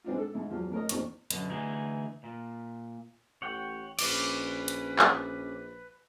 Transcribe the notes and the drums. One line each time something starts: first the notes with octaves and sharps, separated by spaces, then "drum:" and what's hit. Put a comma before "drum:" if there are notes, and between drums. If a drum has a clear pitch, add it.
G#3 B3 C4 D4 D#4 F4
A4
G#2 D#4 E4
E2 F3 F#3
A2 A#4 C#5 D#5
A1 E2 A#2 C4 D#4 C#6, drum: hi-hat
F#2 B2 D3, drum: hi-hat
D2 E3 D#4 G#4
A#2
A1 C#5 F#5 G5
A#1 C#4 B4 D5, drum: cymbal
drum: hi-hat
drum: clap